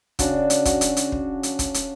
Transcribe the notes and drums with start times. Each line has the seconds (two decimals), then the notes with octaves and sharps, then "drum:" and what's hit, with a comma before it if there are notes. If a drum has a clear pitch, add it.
0.19 C#3 C#4 D4 F#4, drum: kick, hi-hat
0.50 drum: hi-hat
0.65 F#4, drum: kick, hi-hat
0.81 drum: hi-hat
0.97 drum: hi-hat
1.12 drum: kick
1.43 drum: hi-hat
1.59 drum: kick, hi-hat
1.74 drum: hi-hat